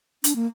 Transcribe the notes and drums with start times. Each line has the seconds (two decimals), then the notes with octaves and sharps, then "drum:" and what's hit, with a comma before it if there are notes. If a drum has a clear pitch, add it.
0.24 D4, drum: hi-hat
0.36 A#3